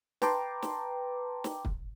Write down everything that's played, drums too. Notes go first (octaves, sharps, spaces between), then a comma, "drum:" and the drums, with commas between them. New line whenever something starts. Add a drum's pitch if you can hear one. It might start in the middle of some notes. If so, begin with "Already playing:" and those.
B4 G5 A5 A#5 C6 D6, drum: snare
drum: snare
drum: snare
drum: kick